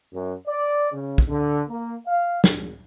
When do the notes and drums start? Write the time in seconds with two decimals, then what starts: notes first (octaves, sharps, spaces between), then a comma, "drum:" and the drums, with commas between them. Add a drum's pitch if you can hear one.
0.13 F#2
0.47 D5
0.92 C#3
1.18 drum: kick
1.28 D3
1.68 A#3
2.06 F5
2.44 G#1, drum: snare